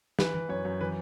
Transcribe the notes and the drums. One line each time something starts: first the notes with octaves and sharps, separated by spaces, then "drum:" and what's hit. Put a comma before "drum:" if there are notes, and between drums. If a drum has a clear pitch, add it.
E3 B4, drum: snare
E3
F#2 C#5
F#2
E3 B4